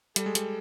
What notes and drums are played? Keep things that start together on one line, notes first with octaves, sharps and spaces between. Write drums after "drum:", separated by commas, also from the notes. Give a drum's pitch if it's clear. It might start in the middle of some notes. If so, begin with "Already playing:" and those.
G3 A4, drum: hi-hat
G#3
G3, drum: hi-hat